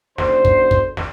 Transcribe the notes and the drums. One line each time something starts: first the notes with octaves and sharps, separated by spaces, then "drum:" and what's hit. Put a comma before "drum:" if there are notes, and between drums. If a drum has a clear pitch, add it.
F#1 D3 C5, drum: snare
drum: kick
drum: kick
drum: snare